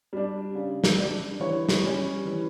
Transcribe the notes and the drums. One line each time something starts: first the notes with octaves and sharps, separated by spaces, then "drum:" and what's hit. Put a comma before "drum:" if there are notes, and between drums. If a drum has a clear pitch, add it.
G3 D4
C#3
drum: snare
G3 D4
E3 C#5
drum: snare
G3 C#4
E3